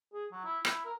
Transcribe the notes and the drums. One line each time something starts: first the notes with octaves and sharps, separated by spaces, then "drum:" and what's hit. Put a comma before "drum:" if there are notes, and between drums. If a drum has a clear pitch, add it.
G#4
F#3
E4
E4, drum: rim click
A#4